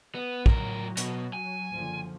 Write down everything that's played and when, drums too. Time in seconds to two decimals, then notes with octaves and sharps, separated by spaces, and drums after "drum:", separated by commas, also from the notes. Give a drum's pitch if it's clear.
0.15 B3
0.46 A2 F#3 A#4, drum: kick
0.97 B2, drum: hi-hat
1.33 G#5
1.72 F#1 D3 F3